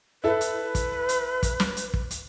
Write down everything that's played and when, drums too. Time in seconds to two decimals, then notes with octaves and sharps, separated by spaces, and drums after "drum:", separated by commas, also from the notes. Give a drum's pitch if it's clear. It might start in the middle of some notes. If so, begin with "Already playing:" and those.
0.24 E4 A4 B4
0.41 drum: hi-hat
0.75 drum: kick, hi-hat
1.09 drum: hi-hat
1.43 drum: kick, hi-hat
1.60 drum: snare
1.77 drum: hi-hat
1.94 drum: kick
2.11 drum: hi-hat